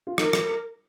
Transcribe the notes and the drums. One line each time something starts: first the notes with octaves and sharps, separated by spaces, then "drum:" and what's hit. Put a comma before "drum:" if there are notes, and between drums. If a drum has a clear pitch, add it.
F4
D#4 A#4, drum: rim click
drum: rim click